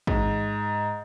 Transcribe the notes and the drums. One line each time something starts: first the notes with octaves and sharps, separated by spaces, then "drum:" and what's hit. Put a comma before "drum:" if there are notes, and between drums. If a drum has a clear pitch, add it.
G#2, drum: kick A1